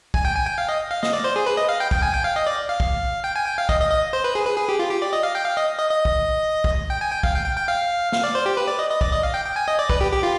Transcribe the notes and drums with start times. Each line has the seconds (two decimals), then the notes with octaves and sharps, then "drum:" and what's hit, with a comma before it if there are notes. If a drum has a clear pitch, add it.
0.14 G#5, drum: kick
0.25 G5
0.36 G#5
0.47 G5
0.58 F5
0.69 D#5
0.91 F5
1.03 D#5, drum: snare
1.13 D5
1.24 C5
1.36 G#4
1.46 B4
1.57 D#5
1.69 F5
1.80 G5
1.91 G5, drum: kick
2.02 G#5
2.13 G5
2.24 F5
2.36 D#5
2.47 D5
2.69 F5
2.80 drum: kick
3.24 G5
3.36 G#5
3.46 G5
3.58 F5
3.69 D#5, drum: kick
3.80 D#5
3.91 D#5
4.13 C5
4.24 B4
4.35 G#4
4.46 B4
4.58 G#4
4.69 G4
4.80 F4
4.90 G4
5.02 D5
5.13 D#5
5.23 F5
5.35 G5
5.46 F5
5.57 D#5
5.79 D#5
5.90 D#5
6.05 drum: kick
6.64 drum: kick
6.90 G5
7.01 G#5
7.12 G5
7.23 F5, drum: kick
7.35 G5
7.46 G5
7.57 G5
7.68 F5
8.12 F5, drum: snare
8.24 D5
8.35 C5
8.46 G4
8.57 B4
8.67 D5
8.79 D#5
8.90 D#5
9.01 D5, drum: kick
9.12 D#5
9.23 F5
9.34 G5
9.46 G5
9.56 G#5
9.68 D#5
9.79 D5
9.90 B4, drum: kick
10.01 G4
10.11 G4
10.23 F4